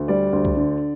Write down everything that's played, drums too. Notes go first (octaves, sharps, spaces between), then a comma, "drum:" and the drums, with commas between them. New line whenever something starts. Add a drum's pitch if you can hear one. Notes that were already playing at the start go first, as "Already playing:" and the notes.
Already playing: D2
G3 D5
D2
drum: kick C2
D3